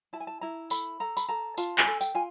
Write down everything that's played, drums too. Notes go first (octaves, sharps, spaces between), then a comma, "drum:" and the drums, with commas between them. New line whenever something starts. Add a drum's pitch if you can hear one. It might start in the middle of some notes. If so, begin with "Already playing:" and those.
E4 A5
G#5
A5
E4 A#5
A4 B5, drum: tambourine
A4 A#5
B5, drum: tambourine
A4 A#5
F4 A5, drum: tambourine
G#5, drum: clap
A4
G5, drum: tambourine
F4 G#5